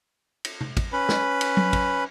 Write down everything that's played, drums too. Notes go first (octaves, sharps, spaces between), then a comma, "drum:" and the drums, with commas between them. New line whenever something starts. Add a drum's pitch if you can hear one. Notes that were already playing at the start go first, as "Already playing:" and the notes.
drum: cymbal
drum: tom C3
drum: kick, cymbal
C#4 B4 B5
drum: snare
drum: cymbal
drum: tom F#3
drum: kick, cymbal